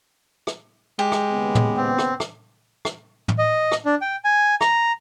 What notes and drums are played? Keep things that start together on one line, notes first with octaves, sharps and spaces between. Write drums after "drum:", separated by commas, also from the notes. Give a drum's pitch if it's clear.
drum: rim click
G#3 G4
drum: rim click
D#2 C#3 B3
drum: tom
C4
drum: rim click
drum: rim click
drum: rim click
drum: tom
D#5
drum: rim click
D4
G5
G#5
A#5, drum: rim click